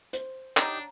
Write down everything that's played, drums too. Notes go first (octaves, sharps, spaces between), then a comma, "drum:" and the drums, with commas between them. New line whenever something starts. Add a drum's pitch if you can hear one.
C5, drum: hi-hat
D4 D#4 G4 C#5 F#5 A#5, drum: clap